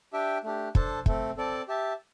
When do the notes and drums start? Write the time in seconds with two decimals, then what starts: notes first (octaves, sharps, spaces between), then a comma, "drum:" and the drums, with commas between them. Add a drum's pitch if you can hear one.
0.13 D4 G4 E5 G5
0.44 A3 D4 G4
0.75 D4 A4 C5 A5, drum: kick
1.06 A3 C4 A4, drum: kick
1.37 C4 A4 D5 A5
1.68 G4 E5 A5